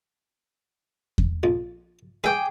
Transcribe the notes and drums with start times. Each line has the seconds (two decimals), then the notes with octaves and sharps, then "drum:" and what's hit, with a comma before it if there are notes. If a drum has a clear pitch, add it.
1.18 drum: kick E2
1.43 A#1 F2
2.24 G#4 B4 E5 G5 D6